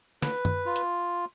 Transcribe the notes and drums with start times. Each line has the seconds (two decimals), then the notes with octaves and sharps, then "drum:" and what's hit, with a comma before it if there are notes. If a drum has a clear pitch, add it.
0.22 B4, drum: snare
0.45 drum: tom F#2
0.66 F4
0.76 drum: hi-hat